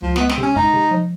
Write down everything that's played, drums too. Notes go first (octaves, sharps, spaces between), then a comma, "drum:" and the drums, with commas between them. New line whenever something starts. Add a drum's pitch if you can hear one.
C#2 F3
B3, drum: snare
G#3
C4, drum: snare
C3
C#4
G#3 D#4, drum: kick
C3
F3